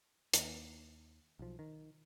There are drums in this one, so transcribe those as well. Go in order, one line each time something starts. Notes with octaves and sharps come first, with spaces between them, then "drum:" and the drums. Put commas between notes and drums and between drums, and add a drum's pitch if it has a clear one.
D#2, drum: hi-hat
B1 F3
D#3